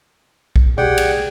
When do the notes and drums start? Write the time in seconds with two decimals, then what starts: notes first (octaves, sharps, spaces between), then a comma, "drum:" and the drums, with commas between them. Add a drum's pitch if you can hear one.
0.56 drum: kick B1
0.78 G4 G#4 D5 F#5 G5, drum: tom B2
0.98 drum: cymbal